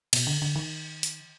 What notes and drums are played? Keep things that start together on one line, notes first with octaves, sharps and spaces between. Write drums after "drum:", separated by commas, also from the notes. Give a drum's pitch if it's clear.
B2, drum: cymbal
D3
D3
D#3
drum: hi-hat